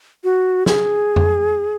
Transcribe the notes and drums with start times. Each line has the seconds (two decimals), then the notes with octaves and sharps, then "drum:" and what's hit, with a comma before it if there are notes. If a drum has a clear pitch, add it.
0.24 F#4
0.66 G#4, drum: snare
1.16 drum: tom F2